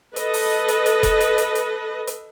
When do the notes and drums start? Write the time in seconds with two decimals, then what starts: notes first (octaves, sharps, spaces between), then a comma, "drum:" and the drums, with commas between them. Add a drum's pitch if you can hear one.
0.16 A4 B4 D#5, drum: hi-hat
0.34 drum: open hi-hat
0.68 drum: hi-hat
0.86 drum: hi-hat
1.03 drum: kick F1, hi-hat
1.20 drum: hi-hat
1.38 drum: hi-hat
1.55 drum: hi-hat
2.07 drum: hi-hat